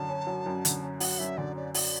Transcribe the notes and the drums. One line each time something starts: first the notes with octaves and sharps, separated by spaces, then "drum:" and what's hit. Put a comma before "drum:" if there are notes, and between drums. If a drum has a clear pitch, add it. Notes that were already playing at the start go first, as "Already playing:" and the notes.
Already playing: F#2 D3 F#3 A5
C#4
F#3
F#2
D3, drum: hi-hat
C#4
F#3 F#5, drum: open hi-hat
F#2 E5
D3 D5
C#4 D5
F#3 D5, drum: open hi-hat